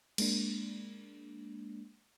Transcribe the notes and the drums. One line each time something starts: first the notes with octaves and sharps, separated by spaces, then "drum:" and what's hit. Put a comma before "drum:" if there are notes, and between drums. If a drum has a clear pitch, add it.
G#3 A#3 D4, drum: cymbal